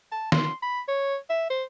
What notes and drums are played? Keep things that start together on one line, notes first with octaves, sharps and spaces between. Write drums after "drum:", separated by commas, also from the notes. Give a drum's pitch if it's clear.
A5
C6, drum: snare
B5
C#5
E5
C5